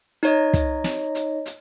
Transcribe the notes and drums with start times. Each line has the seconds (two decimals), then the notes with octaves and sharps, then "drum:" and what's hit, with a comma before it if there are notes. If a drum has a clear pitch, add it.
0.23 D#4 C#5 D#5, drum: hi-hat
0.53 drum: kick, hi-hat
0.84 drum: snare
1.15 drum: hi-hat
1.46 drum: hi-hat